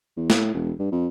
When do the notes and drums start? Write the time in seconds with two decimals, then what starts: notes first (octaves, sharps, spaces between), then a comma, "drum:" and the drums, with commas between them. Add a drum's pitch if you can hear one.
0.17 E2
0.30 A2, drum: snare
0.54 E1
0.79 G2
0.92 F2